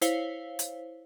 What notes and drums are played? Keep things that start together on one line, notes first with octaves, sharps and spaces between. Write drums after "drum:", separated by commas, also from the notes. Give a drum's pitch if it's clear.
E4 C5 C#5 F5, drum: hi-hat
drum: hi-hat